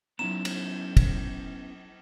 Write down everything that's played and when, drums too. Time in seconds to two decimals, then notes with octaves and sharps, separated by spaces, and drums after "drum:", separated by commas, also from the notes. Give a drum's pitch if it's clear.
0.19 F#3 B3 C#4 D#4 E4 A#5 E7
0.45 drum: cymbal
0.97 drum: kick, cymbal